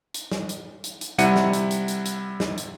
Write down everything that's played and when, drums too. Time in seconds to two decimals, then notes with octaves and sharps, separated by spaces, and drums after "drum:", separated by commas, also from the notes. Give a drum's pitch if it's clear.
0.14 drum: hi-hat
0.31 drum: snare
0.49 drum: hi-hat
0.84 drum: hi-hat
1.01 drum: hi-hat
1.18 C3 G3 E4 F#5 C#7 D#7, drum: hi-hat
1.36 drum: snare
1.53 drum: hi-hat
1.71 drum: hi-hat
1.88 drum: hi-hat
2.05 drum: hi-hat
2.40 drum: snare
2.57 drum: hi-hat